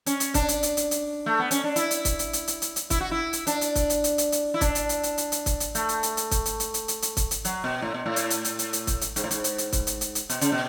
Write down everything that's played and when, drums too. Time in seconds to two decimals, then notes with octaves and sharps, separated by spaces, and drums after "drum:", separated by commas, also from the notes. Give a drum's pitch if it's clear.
0.06 C#4, drum: hi-hat
0.20 drum: hi-hat
0.34 D4, drum: kick, hi-hat
0.48 drum: hi-hat
0.63 drum: hi-hat
0.77 drum: hi-hat
0.91 drum: hi-hat
1.26 A3
1.39 B3
1.51 C#4, drum: hi-hat
1.64 D4
1.76 E4, drum: hi-hat
1.91 drum: hi-hat
2.05 drum: kick, hi-hat
2.19 drum: hi-hat
2.33 drum: hi-hat
2.48 drum: hi-hat
2.62 drum: hi-hat
2.76 drum: hi-hat
2.90 E4, drum: kick, hi-hat
3.00 F#4
3.11 E4
3.33 drum: hi-hat
3.47 D4, drum: hi-hat
3.61 drum: hi-hat
3.75 drum: kick, hi-hat
3.90 drum: hi-hat
4.04 drum: hi-hat
4.18 drum: hi-hat
4.32 drum: hi-hat
4.54 E4
4.61 D4, drum: kick, hi-hat
4.75 drum: hi-hat
4.89 drum: hi-hat
5.03 drum: hi-hat
5.18 drum: hi-hat
5.32 drum: hi-hat
5.46 drum: kick, hi-hat
5.60 drum: hi-hat
5.75 A3, drum: hi-hat
5.89 drum: hi-hat
6.03 drum: hi-hat
6.17 drum: hi-hat
6.31 drum: kick, hi-hat
6.46 drum: hi-hat
6.60 drum: hi-hat
6.74 drum: hi-hat
6.88 drum: hi-hat
7.02 drum: hi-hat
7.17 drum: kick, hi-hat
7.31 drum: hi-hat
7.45 F#3, drum: hi-hat
7.64 B2
7.82 A2
7.94 B2
8.06 A2
8.16 drum: hi-hat
8.30 drum: hi-hat
8.45 drum: hi-hat
8.59 drum: hi-hat
8.73 drum: hi-hat
8.87 drum: kick, hi-hat
9.01 drum: hi-hat
9.16 G#2, drum: hi-hat
9.24 A2
9.31 G#2, drum: hi-hat
9.44 drum: hi-hat
9.58 drum: hi-hat
9.72 drum: kick, hi-hat
9.87 drum: hi-hat
10.01 drum: hi-hat
10.15 drum: hi-hat
10.29 B2, drum: hi-hat
10.41 C#3, drum: hi-hat
10.52 B2